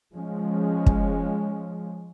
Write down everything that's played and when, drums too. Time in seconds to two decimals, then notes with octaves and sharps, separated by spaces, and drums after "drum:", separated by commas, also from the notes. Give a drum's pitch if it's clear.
0.15 F3 G#3 C#4
0.86 drum: kick